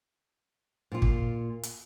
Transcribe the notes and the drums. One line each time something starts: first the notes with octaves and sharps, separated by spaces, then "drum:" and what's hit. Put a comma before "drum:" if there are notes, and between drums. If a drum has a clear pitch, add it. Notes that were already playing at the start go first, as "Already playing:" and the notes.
A#2 F4
drum: kick
drum: hi-hat